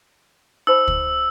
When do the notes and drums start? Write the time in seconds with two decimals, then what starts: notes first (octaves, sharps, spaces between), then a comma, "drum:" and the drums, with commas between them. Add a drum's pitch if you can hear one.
0.67 D#4 C5 B5 E6
0.88 drum: kick